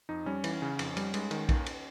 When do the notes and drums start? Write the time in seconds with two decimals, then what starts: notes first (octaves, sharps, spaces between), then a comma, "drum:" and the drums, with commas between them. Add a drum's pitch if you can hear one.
0.09 F2 D#4
0.26 G3 C#4
0.44 E3, drum: cymbal
0.62 C#3
0.79 F2, drum: cymbal
0.97 G3, drum: cymbal
1.14 G#3, drum: cymbal
1.31 D#3, drum: cymbal
1.49 D#2, drum: kick A#1, cymbal
1.66 drum: cymbal